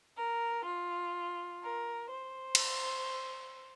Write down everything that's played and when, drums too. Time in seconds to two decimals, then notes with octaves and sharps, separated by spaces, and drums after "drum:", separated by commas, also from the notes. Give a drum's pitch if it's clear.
0.17 A#4
0.65 F4
1.63 A#4
2.11 C5
2.55 drum: cymbal